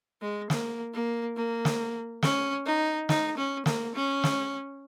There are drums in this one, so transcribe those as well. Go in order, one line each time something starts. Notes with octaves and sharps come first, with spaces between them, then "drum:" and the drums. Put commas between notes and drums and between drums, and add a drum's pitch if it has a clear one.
G#3
A#3, drum: snare
A#3
A#3
drum: snare
C#4, drum: snare
D#4
D#4, drum: snare
C#4
A#3, drum: snare
C#4
drum: snare